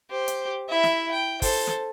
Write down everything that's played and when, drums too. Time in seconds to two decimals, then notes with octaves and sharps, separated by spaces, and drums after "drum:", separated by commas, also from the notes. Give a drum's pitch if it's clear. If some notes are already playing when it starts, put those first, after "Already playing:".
0.10 G4 C5
0.28 drum: hi-hat
0.69 E4 E5
0.84 drum: snare
1.11 G5
1.42 A4 C5, drum: kick, open hi-hat
1.67 drum: snare